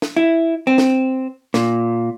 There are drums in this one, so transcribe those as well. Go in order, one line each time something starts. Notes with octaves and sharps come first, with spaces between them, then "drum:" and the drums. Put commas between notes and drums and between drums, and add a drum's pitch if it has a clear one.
drum: snare
E4
C4
drum: snare
A#2, drum: snare